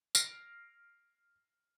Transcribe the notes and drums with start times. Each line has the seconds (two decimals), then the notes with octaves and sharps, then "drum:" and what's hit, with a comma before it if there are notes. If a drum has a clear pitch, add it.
0.15 F6 A#6 C7 D7, drum: tambourine